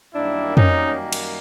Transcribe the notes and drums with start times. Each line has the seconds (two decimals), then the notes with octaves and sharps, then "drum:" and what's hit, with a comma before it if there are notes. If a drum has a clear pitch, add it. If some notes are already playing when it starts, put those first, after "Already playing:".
0.13 F#2 D#3 G3 A#3 D4 E4
0.57 C#4 D#4, drum: tom F2
1.13 drum: cymbal